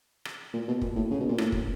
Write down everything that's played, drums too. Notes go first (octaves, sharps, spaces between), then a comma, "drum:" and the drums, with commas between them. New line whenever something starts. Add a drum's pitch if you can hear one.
drum: rim click
A#2
B2
A#2, drum: kick
A2
C#3
B2
A#2
A2, drum: rim click
drum: kick